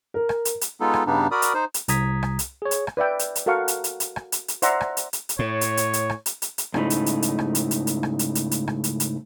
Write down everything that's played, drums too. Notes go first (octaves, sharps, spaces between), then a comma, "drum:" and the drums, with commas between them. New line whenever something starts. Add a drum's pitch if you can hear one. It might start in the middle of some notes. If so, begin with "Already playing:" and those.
A#4
drum: rim click
drum: hi-hat
drum: hi-hat
G#3 B3 D#4 F4 A4
drum: rim click
G2 C#3 G3 B3 D4 D#4
F#4 A#4 D5 B5 D#6
drum: hi-hat
D#4 C5
drum: hi-hat
C2 A#5 D#6 G#6 B6, drum: hi-hat
drum: rim click
drum: hi-hat
G#4 C#5
drum: hi-hat
drum: rim click
B4 D5 E5 G5
drum: hi-hat
drum: hi-hat
F#4 A4 A#4 F5 F#5 C#6
drum: hi-hat
drum: hi-hat
drum: hi-hat
drum: rim click
drum: hi-hat
drum: hi-hat
C5 D5 E5 F#5 A#5 C6, drum: hi-hat
drum: rim click
drum: hi-hat
drum: hi-hat
drum: hi-hat
A2 C#5
drum: hi-hat
drum: hi-hat
drum: hi-hat
drum: rim click
drum: hi-hat
drum: hi-hat
drum: hi-hat
G#2 C#3 A3 D#4 E4, drum: rim click
drum: hi-hat
drum: hi-hat
drum: hi-hat
drum: rim click
drum: hi-hat
drum: hi-hat
drum: hi-hat
drum: rim click
drum: hi-hat
drum: hi-hat
drum: hi-hat
drum: rim click
drum: hi-hat
drum: hi-hat